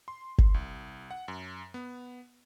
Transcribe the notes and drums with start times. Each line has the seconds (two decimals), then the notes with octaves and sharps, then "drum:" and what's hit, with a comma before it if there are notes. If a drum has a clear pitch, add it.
0.08 C6
0.38 drum: kick G1
0.54 C2
1.11 F#5
1.28 F#2
1.74 B3